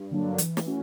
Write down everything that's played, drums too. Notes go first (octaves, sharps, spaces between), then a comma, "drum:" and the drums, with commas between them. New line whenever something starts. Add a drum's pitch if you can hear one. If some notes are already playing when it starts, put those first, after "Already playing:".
Already playing: G2
D3 F#3 A#3 D4
E3, drum: hi-hat
drum: snare
A3 C#4 F#4